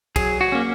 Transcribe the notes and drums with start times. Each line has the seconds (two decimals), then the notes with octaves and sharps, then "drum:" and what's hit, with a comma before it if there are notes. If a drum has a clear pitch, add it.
0.16 F#3 G#4, drum: kick, cymbal
0.41 F#4
0.52 A#3 C#4